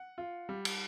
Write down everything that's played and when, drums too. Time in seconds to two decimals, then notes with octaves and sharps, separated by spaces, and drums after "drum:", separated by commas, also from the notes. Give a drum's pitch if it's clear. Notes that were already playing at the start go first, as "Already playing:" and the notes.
Already playing: F#5
0.18 F4
0.49 G3
0.65 drum: cymbal